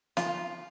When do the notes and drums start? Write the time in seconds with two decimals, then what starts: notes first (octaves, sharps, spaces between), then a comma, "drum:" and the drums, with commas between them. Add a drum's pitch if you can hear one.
0.17 F4, drum: snare